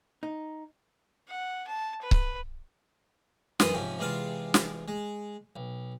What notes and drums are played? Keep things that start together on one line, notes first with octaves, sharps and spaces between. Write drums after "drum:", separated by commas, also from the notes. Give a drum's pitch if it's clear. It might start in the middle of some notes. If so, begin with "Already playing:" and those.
D#4
F#5
A5
B4
drum: kick C#1
F#2 E3 E4 B5 C6 D#6, drum: snare
G#2 C3 F3 C#4
E2 C3 G#3 F4 F5 A5
drum: snare
G#3
B1